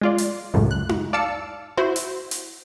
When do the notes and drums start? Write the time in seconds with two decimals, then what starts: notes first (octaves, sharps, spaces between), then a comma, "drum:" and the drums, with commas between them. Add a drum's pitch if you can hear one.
0.01 G#3 F4 D5
0.18 drum: hi-hat
0.54 C#2 F#2 A2
0.71 F#6
0.89 drum: tom D#4
1.13 D5 F5 A5 E6 C#7
1.78 E4 F#4 C5
1.96 drum: hi-hat
2.31 drum: hi-hat